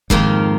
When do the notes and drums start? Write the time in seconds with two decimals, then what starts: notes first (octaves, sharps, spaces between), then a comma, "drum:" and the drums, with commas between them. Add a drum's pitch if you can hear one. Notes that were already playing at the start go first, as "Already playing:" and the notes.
0.10 F2 G#2 D#3 A#3 F4 A#4, drum: kick F1